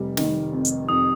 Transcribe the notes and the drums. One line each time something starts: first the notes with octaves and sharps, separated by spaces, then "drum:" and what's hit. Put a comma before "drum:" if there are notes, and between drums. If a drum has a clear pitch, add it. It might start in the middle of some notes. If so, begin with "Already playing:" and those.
Already playing: F1 G3
D#3, drum: snare
F2
drum: hi-hat
F2 D#6